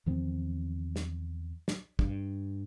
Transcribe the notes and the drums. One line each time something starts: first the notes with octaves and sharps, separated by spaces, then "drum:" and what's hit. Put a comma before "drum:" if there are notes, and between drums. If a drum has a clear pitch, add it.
E2 D#3 F3 C4
drum: snare
drum: snare
G2, drum: kick